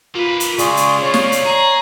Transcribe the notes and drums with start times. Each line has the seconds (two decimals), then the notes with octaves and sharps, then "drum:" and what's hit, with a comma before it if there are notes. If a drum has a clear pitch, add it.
0.15 A#3 F4 B4
0.40 drum: hi-hat
0.58 C#2 F4 G#4 D5 C#6, drum: hi-hat
0.77 drum: hi-hat
1.02 C#3 F4 C#5
1.14 drum: snare
1.32 drum: hi-hat
1.46 G#4 A#5